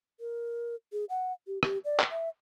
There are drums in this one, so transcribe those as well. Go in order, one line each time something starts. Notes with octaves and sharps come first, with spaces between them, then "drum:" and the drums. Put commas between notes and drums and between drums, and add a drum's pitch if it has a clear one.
A#4
G#4
F#5
G4
G4, drum: rim click
D5
drum: clap
E5